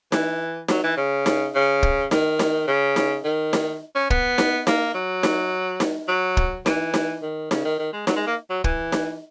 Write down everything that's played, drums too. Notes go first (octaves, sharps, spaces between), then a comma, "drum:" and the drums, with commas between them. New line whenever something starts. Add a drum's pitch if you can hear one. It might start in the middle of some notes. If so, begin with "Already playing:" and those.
E3, drum: snare D#4
F#3, drum: snare D#4
E3
C#3
drum: snare D#4
C#3
drum: kick
D#3, drum: snare D#4
drum: snare D#4
C#3
drum: snare D#4
D#3
drum: snare D#4
C#4
B3, drum: kick
drum: snare D#4
A#3, drum: snare D#4
F#3
drum: snare D#4
drum: snare D#4
F#3
drum: kick
E3, drum: snare D#4
drum: snare D#4
D#3
C#3, drum: snare D#4
D#3
D#3
G#3
F#3, drum: snare D#4
G#3
A#3
F#3
E3, drum: kick
drum: snare D#4